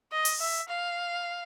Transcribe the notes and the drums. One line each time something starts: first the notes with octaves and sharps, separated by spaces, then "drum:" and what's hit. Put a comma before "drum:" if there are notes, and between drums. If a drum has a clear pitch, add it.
D#5
drum: open hi-hat
E5
F5